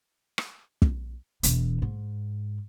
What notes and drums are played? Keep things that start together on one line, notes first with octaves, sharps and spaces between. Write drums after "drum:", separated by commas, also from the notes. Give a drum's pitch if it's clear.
drum: rim click
drum: kick
E1 E3, drum: hi-hat
G#2